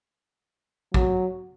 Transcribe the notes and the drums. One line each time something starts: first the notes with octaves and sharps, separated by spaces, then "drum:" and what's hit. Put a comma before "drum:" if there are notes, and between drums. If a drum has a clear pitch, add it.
F#3, drum: kick A#1